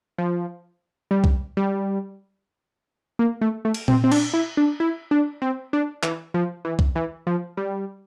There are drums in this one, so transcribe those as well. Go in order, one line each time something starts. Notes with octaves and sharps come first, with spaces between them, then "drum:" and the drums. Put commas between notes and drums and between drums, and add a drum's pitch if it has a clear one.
F3
G3
drum: kick C2
G3
A#3
A3
A3
drum: cymbal
C4, drum: tom A#2
C4
D4, drum: cymbal
E4
D4
E4
D4
C4
D4
E3, drum: clap
F3
E3
drum: kick C2
E3
F3
G3